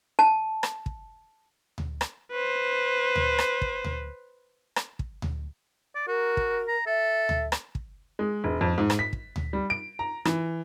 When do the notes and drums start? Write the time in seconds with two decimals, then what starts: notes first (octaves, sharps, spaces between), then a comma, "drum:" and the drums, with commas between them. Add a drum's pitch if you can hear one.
0.19 A5
0.63 drum: rim click
0.86 drum: kick
1.78 drum: tom D2
2.01 drum: rim click
2.32 B4 C5
3.16 drum: tom D2
3.39 drum: rim click
3.61 drum: kick
3.84 drum: tom D2
4.76 drum: rim click
4.99 drum: kick
5.22 drum: tom D2
5.95 D5
6.07 F#4 A#4
6.37 drum: kick
6.68 A#5
6.86 A4 E5
7.29 drum: tom D2
7.52 drum: rim click
7.75 drum: kick
8.19 G#3
8.44 E1
8.61 F2
8.78 G#2
8.90 drum: rim click
8.99 B6
9.13 drum: kick
9.36 drum: tom D2
9.53 G3
9.70 D7
9.99 A#5
10.25 E3, drum: rim click